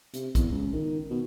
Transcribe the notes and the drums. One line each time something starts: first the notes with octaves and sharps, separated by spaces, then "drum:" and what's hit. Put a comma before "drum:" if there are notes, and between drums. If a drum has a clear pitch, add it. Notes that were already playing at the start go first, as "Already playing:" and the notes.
C3, drum: hi-hat
E2, drum: kick, hi-hat
C#2
D#3
B2